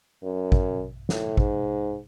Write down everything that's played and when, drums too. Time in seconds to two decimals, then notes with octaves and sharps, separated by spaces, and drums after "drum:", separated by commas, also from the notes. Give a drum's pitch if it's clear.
0.23 F#2
0.52 drum: kick
1.09 A2, drum: snare
1.37 G#2, drum: kick